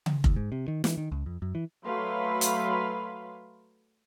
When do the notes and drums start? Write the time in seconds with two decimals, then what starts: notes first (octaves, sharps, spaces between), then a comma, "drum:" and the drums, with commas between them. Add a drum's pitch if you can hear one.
0.06 drum: tom C#3
0.24 D#2, drum: kick F1
0.36 G#2
0.52 C3
0.68 D#3
0.84 E3, drum: snare
0.97 D#3
1.12 C#2
1.26 F2
1.42 F#2
1.55 E3
1.85 F#3 A3 B4 F5 B5 C6
2.41 drum: hi-hat